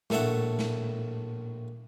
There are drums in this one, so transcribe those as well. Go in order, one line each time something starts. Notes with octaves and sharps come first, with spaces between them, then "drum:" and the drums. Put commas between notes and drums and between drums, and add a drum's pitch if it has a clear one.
A#1 A2 A4 E5 F#5, drum: snare
drum: snare